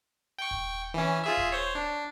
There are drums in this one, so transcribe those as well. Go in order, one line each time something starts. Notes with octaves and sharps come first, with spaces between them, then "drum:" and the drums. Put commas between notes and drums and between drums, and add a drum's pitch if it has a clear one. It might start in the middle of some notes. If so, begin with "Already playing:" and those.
G5 C#6
drum: kick D#1
E3 C#4
F4 G#4 E5
drum: kick D#1
C5 C#5
D4